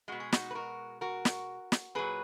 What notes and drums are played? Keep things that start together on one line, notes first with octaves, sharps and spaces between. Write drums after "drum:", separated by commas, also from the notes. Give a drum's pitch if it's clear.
B2 G#3 F#4
G#4
D#4 F#4, drum: snare
B4
F#4 A#4
F#4 A#4
drum: snare
drum: snare
A#2 F#3 G#4 B4